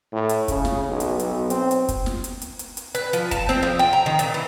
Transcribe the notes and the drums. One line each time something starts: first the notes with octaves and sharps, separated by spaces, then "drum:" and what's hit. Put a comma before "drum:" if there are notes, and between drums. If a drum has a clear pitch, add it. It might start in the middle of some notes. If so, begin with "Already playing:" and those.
A2
drum: hi-hat
C#3, drum: kick, hi-hat
drum: snare
B1
drum: hi-hat
B1, drum: hi-hat
C4, drum: hi-hat
drum: hi-hat
drum: kick, hi-hat
drum: snare
drum: hi-hat
drum: hi-hat
drum: hi-hat
drum: hi-hat
B4, drum: hi-hat
F3, drum: hi-hat
A5, drum: kick, hi-hat
C4, drum: snare
F3
G5
A#5
D#3
A#2, drum: hi-hat
E3